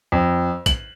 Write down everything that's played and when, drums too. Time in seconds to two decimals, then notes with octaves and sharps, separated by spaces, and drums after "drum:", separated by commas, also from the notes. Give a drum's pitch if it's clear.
0.12 F2
0.66 F#7, drum: kick A1, hi-hat